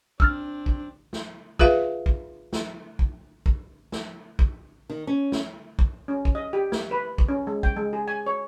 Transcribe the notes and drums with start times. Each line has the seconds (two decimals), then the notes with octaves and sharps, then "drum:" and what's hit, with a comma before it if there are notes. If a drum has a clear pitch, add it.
0.20 C4 D4 E6 F6 A6, drum: kick
0.66 drum: kick
1.13 drum: snare
1.59 F4 G#4 B4 E5 F5, drum: kick
2.06 drum: kick
2.53 drum: snare
2.99 drum: kick
3.46 drum: kick
3.92 drum: snare
4.39 drum: kick
4.90 D#3
5.07 C#4
5.32 drum: snare
5.79 drum: kick
6.08 C#4
6.25 drum: kick
6.35 D#5
6.53 G4
6.72 A#3, drum: snare
6.91 B4
7.18 drum: kick
7.29 C#4
7.47 G#3
7.63 G5, drum: kick
7.76 G#3
7.93 G#4
8.08 G#5
8.26 C#5